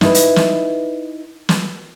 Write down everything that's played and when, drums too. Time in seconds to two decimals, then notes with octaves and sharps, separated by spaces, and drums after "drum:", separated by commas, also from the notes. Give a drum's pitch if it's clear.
0.01 D#4 E4 B4, drum: snare
0.14 drum: hi-hat
0.36 drum: snare
1.49 drum: snare